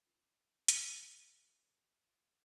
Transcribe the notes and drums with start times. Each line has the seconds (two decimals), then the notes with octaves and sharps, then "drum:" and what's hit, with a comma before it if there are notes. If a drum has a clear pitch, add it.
0.07 D#4 F4 A#4
0.68 F#2, drum: hi-hat
2.07 F4